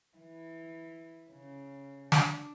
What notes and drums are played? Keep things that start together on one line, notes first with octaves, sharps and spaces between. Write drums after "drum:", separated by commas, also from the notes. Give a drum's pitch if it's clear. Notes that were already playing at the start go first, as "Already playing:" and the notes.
E3
C#3
D4, drum: snare